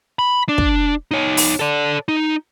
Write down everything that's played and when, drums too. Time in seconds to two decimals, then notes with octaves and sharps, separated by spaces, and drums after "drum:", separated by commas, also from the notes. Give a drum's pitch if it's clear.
0.19 B5
0.49 D4
0.58 drum: kick
1.11 D#4 C#5
1.37 drum: open hi-hat
1.60 A4 D5
2.08 D#4